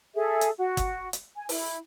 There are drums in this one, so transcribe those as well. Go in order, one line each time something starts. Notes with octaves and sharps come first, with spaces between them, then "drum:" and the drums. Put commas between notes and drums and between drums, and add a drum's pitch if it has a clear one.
G#4 A4 E5
drum: hi-hat
F#4
drum: kick, hi-hat
drum: hi-hat
G#5
E4, drum: open hi-hat